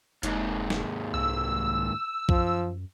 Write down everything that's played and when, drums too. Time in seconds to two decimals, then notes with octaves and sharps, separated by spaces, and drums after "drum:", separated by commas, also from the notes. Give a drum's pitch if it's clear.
0.23 F1 D#2 G#2, drum: hi-hat
0.70 drum: snare
1.14 C2 E6
2.29 F#2 F3, drum: kick B1